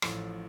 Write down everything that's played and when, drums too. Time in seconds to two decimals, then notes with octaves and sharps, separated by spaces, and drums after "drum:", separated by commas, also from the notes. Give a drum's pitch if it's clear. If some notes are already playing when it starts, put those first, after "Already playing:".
0.02 A1 A2 F3, drum: rim click